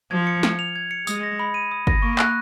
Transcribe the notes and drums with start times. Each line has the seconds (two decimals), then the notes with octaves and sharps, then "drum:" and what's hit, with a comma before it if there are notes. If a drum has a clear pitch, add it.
0.11 F3 G#6
0.27 C#7
0.43 F6, drum: snare
0.59 F7
0.76 G#6
0.91 C#7
1.07 G#3 D#6, drum: tambourine
1.23 A#6
1.39 B5
1.54 D#7
1.71 D#6
1.87 A#6, drum: kick
2.02 A#3 C#6
2.19 F#6, drum: clap